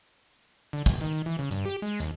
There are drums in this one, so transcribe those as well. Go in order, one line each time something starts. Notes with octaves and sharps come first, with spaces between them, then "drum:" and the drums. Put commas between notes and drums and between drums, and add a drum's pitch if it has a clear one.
D3
A1, drum: kick, hi-hat
D#3
D#3
E3
C#3
G2, drum: hi-hat
G4
G#3
D#2, drum: hi-hat